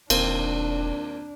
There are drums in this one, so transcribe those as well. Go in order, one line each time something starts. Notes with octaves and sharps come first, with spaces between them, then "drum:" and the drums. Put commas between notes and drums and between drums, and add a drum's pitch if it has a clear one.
E1 D#2 A#3 C4 D4, drum: cymbal